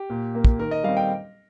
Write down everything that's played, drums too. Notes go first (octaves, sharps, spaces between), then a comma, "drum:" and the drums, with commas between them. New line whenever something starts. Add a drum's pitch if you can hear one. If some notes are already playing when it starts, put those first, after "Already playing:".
Already playing: G4
A#2
A#3
drum: kick
D#3 A#4
D#5
G3 C4 F5
G5